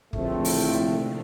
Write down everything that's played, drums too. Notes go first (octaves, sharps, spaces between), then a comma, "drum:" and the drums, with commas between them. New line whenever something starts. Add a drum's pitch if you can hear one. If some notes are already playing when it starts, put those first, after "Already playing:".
A#1 A2 D3 F3 A3 C4, drum: kick
C3 D#3, drum: open hi-hat
C3 D#3